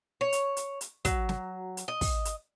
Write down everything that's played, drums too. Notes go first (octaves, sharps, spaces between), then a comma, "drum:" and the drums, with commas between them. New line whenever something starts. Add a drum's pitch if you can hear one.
C#5
drum: hi-hat
drum: hi-hat
drum: hi-hat
F#3, drum: kick, hi-hat
drum: snare
drum: hi-hat
D#5
drum: kick, open hi-hat
drum: hi-hat